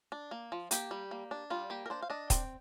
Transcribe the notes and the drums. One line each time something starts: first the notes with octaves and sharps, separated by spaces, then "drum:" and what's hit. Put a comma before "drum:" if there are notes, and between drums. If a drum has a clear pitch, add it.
D4
A#3
F3
A#3 G4, drum: hi-hat
G3
A#3
D4
G3 F4
A#3 G4
A#4
D4 C5
F5
D4 D#5
C4 G5, drum: kick D#1, hi-hat